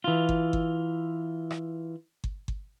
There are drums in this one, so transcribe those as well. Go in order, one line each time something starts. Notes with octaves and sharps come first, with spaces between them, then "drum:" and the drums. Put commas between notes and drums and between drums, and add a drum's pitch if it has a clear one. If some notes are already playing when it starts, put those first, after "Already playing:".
E3 F4
drum: kick G1
drum: kick G1
drum: rim click
drum: kick G1
drum: kick G1